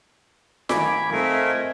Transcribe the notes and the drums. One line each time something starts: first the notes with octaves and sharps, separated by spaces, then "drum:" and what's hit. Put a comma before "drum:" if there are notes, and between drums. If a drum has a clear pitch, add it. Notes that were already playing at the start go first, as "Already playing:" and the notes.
D#3 A3 G#5 B5 D6, drum: snare F4
A3 C4 F4 A#4 D#5 E5 G#5